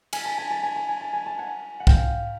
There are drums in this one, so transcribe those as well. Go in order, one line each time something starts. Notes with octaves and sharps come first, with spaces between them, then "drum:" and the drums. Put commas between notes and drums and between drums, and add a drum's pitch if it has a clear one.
G#5, drum: cymbal
A5
G#5
A5
G#5
A5
G#5
A5
G#5
A5
F#5 G#5
F#5
F5 G5, drum: kick B1